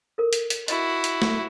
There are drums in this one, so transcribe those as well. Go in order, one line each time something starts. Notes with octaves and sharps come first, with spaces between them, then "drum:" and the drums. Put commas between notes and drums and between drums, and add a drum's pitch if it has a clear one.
A4 A#4
drum: hi-hat
drum: hi-hat
E4 F#4 D#5, drum: hi-hat
drum: hi-hat
drum: snare